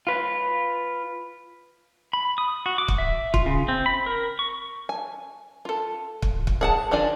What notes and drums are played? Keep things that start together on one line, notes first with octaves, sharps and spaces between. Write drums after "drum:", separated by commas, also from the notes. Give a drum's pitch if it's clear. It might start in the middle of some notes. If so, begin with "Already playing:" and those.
F4 B4
B5
D#6
F#4
D6
drum: kick
E5
F4, drum: kick
C#3
C4
B5
A#4
C#6
G#5
F4 A4
drum: kick
drum: kick
G#4 F#5 A5
D#3 D4 F4 D5 G#5